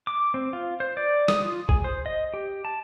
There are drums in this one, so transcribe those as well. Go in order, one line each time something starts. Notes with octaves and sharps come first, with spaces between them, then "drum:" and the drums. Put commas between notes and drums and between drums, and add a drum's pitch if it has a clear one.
D6
C4
F4
C5
D5
D#6, drum: snare
F4
G#4, drum: kick
C5
D#5
G4
A5